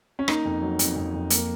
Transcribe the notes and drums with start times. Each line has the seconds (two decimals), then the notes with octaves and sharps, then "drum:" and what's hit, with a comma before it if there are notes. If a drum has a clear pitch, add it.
0.19 C#4
0.28 A#3 D#4, drum: rim click
0.45 F2
0.62 F#3
0.79 F2, drum: hi-hat
0.97 F2
1.14 F2
1.30 A#3, drum: hi-hat